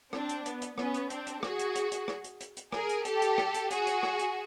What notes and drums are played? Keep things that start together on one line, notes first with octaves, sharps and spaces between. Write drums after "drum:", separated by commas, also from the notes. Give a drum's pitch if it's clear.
C4 D4, drum: rim click
drum: hi-hat
B3, drum: hi-hat
drum: hi-hat
B3 C#4, drum: rim click
drum: hi-hat
C4 D4, drum: hi-hat
drum: hi-hat
F#4 G#4, drum: rim click
drum: hi-hat
drum: hi-hat
drum: hi-hat
drum: rim click
drum: hi-hat
drum: hi-hat
drum: hi-hat
G#4 A#4, drum: rim click
drum: hi-hat
G4 A4, drum: hi-hat
drum: hi-hat
drum: rim click
drum: hi-hat
F#4 G#4, drum: hi-hat
drum: hi-hat
drum: rim click
drum: hi-hat